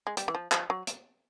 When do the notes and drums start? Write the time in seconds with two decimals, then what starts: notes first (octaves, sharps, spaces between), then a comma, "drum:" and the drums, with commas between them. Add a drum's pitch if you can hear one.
0.07 G#3
0.17 G3, drum: hi-hat
0.28 E3
0.35 F3
0.52 F3, drum: clap
0.70 F#3
0.87 drum: hi-hat